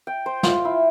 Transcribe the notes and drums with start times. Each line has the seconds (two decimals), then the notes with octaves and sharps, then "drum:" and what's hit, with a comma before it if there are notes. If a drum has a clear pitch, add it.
0.07 G5
0.26 C5
0.43 F4, drum: snare
0.65 E4